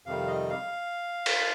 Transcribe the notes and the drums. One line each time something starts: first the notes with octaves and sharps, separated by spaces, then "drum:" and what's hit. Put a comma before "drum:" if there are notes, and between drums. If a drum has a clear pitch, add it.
F2 C3 D#3 G3 F5
D#5
F5
drum: cymbal